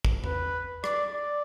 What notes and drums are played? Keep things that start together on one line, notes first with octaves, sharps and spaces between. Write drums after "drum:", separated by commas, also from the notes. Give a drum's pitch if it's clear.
drum: kick
B4, drum: tom E2
D5, drum: rim click
D5